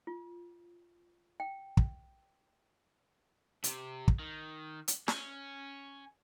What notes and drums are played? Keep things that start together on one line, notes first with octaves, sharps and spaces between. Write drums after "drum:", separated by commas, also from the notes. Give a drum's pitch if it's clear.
F4
G5
drum: kick
C3, drum: hi-hat
drum: kick
D#3
drum: hi-hat
C#4, drum: snare